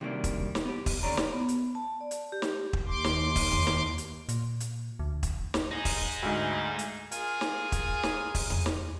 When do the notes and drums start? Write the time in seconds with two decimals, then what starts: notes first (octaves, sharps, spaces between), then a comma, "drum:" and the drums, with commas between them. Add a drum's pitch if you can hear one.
0.01 C3 D#3 F#3 G3 A#3 D4
0.24 drum: kick, hi-hat
0.55 drum: snare
0.65 B3 G4
0.86 drum: kick, open hi-hat
1.03 D#2 D3 C#5 D5 A#5
1.17 drum: snare
1.33 B3
1.48 drum: hi-hat
1.75 A5
2.01 D5
2.11 drum: hi-hat
2.32 G4
2.42 drum: snare
2.73 drum: kick
2.87 D#2 C6 D6
3.04 drum: snare
3.36 drum: kick, open hi-hat
3.51 drum: tom E2
3.67 drum: snare
3.98 drum: hi-hat
4.29 A#2, drum: hi-hat
4.60 drum: hi-hat
4.99 D2
5.23 drum: kick, hi-hat
5.54 drum: snare
5.71 D#4 G#4
5.85 drum: kick, open hi-hat
6.23 D2 G#2
6.79 drum: hi-hat
7.12 F4 G#4 A#4 G#5, drum: hi-hat
7.41 drum: snare
7.72 drum: kick, hi-hat
8.03 drum: snare
8.35 drum: kick, open hi-hat
8.50 drum: tom E2
8.66 drum: snare